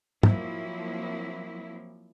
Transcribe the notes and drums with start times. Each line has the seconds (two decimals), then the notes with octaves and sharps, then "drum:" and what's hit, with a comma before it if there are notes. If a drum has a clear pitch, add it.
0.23 F3 F#3 A#3 C4 E4, drum: tom